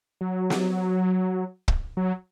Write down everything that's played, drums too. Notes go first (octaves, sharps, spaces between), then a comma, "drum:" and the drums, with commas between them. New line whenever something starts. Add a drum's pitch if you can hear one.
F#3
drum: snare
drum: kick
F#3